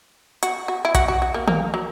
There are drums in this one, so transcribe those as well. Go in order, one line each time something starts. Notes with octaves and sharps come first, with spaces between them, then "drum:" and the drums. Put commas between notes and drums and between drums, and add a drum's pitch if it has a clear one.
F#4, drum: hi-hat
F#4
E4
F#4, drum: kick B1, hi-hat
F#4
F#4
A#3
A#3, drum: tom
F#3